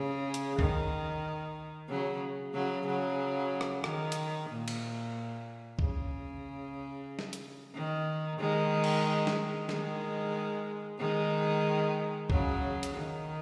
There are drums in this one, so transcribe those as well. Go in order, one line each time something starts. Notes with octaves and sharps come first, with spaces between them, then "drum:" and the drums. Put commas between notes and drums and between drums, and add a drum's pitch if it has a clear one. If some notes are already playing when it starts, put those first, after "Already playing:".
Already playing: C#3
drum: hi-hat
D#3, drum: kick C2
C#3 F#3
C#3 F#3
C#3 F#3
drum: rim click
D#3, drum: rim click
drum: hi-hat
A#2
drum: cymbal
C#3, drum: kick C2
drum: snare
drum: hi-hat
D#3
D#3 G#3
drum: cymbal
drum: snare
D#3 G#3, drum: snare
D#3 G#3
C#3 F#3, drum: kick C2
drum: hi-hat
D#3